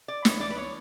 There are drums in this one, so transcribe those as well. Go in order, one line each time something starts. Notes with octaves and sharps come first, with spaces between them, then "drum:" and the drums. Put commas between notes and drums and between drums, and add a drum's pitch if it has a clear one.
D5
E3 B3 D4 C#5, drum: snare
D5
B4
C#5